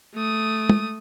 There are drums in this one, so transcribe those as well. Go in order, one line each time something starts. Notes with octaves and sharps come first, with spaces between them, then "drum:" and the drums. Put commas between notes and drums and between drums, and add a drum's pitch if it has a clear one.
A3 D#6
drum: tom